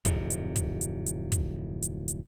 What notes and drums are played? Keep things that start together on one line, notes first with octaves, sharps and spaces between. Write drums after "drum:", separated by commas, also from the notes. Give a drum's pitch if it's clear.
D1 F2 G#2 C3, drum: kick, hi-hat
drum: hi-hat
drum: kick, hi-hat
drum: hi-hat
drum: hi-hat
drum: kick, hi-hat
drum: hi-hat
drum: hi-hat